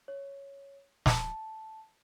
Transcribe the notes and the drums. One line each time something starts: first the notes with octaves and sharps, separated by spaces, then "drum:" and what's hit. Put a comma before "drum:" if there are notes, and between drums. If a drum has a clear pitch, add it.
C#5
A5, drum: snare